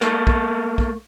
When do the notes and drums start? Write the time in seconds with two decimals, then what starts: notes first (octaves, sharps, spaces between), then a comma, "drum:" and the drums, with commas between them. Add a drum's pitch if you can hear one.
0.01 A3 A#3, drum: snare
0.27 drum: kick
0.78 drum: kick